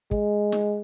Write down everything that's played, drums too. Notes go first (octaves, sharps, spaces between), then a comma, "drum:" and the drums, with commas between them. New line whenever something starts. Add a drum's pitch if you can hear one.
G#3, drum: kick
drum: snare